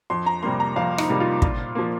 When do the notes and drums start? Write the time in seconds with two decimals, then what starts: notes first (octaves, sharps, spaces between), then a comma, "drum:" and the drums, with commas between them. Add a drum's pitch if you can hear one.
0.10 F2 C6
0.26 A#5
0.43 C3 G3 A#3 C6
0.60 A#5
0.76 F2 F5
0.98 D#4, drum: rim click
1.09 C3 G3 A#3
1.20 F4
1.42 A#2, drum: kick
1.75 F3 A#3